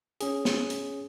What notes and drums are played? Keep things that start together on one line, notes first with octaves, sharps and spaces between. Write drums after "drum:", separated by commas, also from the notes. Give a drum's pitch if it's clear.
C#4 G#4, drum: hi-hat
drum: snare
drum: hi-hat